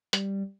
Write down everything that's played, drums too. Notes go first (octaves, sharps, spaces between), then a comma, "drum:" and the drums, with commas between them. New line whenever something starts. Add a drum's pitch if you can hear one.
G3, drum: hi-hat